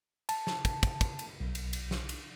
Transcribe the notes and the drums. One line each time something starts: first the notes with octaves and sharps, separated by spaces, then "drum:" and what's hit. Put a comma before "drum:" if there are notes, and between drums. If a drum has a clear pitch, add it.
A5, drum: cymbal
drum: snare
drum: kick, cymbal
drum: kick, cymbal
drum: kick, cymbal
drum: cymbal
B1
drum: cymbal
drum: cymbal
drum: snare
drum: cymbal